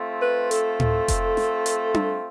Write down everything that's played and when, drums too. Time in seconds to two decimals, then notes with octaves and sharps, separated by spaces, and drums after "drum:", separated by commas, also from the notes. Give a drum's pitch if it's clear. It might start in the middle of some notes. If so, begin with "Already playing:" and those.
Already playing: A3 C4 F4
0.22 B4
0.51 A4, drum: hi-hat
0.80 drum: tom A2
1.08 drum: kick F1, hi-hat
1.37 drum: snare
1.66 drum: hi-hat
1.94 drum: tom D4